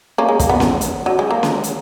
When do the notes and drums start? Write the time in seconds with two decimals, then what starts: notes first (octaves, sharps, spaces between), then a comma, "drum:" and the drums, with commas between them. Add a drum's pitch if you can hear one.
0.18 A#3 C#4
0.29 G#3
0.40 A#3, drum: kick, hi-hat
0.49 B3
0.60 drum: snare C#4
0.81 drum: hi-hat
1.06 F#3
1.19 G#3
1.31 A#3
1.43 drum: snare C#4
1.64 drum: hi-hat